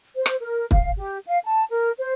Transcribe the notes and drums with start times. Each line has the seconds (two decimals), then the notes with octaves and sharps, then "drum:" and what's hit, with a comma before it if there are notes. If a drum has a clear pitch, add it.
0.16 C5
0.26 drum: rim click
0.39 A#4
0.71 F5, drum: kick
0.95 G4
1.26 F5
1.43 A5
1.70 A#4
1.98 C5